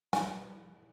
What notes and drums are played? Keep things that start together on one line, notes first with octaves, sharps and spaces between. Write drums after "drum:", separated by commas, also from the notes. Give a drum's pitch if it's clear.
G#5, drum: snare